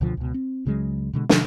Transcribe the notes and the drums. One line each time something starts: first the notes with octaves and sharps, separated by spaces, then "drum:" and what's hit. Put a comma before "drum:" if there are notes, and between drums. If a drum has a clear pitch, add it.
C#2 B2 D3 F3
C#2 B2
C4
C#2 C#3 F#3 G#3
B2 D3 G3 G#3
C3 D#3, drum: snare